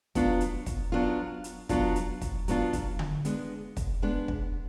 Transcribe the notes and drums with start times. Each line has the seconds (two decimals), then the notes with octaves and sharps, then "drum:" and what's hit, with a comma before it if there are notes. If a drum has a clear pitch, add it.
0.15 F#3 B3 D4 F4, drum: kick, hi-hat
0.41 drum: hi-hat
0.66 drum: kick, hi-hat
0.92 F#3 B3 D4 F4
1.44 drum: hi-hat
1.69 F#3 B3 D4 F4, drum: kick, hi-hat
1.96 drum: hi-hat
2.22 drum: kick, hi-hat
2.48 F#3 B3 D4 F4, drum: hi-hat
2.73 drum: kick, hi-hat
2.99 drum: tom D3
3.25 G#3 B3 D4, drum: hi-hat
3.77 drum: kick, hi-hat
4.02 G#3 B3 D4
4.28 drum: kick